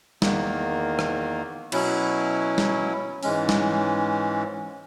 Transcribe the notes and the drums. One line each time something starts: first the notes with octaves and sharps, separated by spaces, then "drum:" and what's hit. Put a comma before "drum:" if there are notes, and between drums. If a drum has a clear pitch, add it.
E2 D#3 A#3, drum: snare
drum: rim click
B2 F#3 C#4 E4, drum: cymbal
drum: snare
G#2 E3 G#3 C#4, drum: open hi-hat
drum: snare